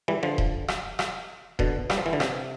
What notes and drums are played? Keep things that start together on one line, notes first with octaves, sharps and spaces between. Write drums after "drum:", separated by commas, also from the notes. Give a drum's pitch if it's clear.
E3 G3
D3 F3
drum: kick D#1
drum: rim click
drum: rim click
B2 D3, drum: kick D#1
G3, drum: rim click
F3
E3
D3
C3, drum: rim click